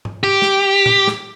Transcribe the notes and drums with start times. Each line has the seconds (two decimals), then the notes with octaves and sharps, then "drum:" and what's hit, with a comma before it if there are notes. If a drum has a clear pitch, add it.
0.05 drum: tom G#2
0.23 G4
0.42 drum: snare
0.86 drum: tom A2
1.07 drum: snare